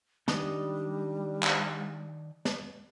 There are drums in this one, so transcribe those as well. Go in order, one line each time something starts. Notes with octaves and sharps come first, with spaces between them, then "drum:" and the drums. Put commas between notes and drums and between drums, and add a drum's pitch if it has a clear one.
D#3 G3 D4 D#5, drum: snare
drum: clap
drum: snare